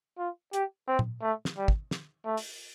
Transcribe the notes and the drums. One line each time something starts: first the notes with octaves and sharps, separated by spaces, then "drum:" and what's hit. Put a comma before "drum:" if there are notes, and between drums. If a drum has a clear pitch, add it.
F4
G4, drum: hi-hat
C4
drum: tom A#2
A3
drum: snare
G3
drum: kick
drum: snare
A3
drum: open hi-hat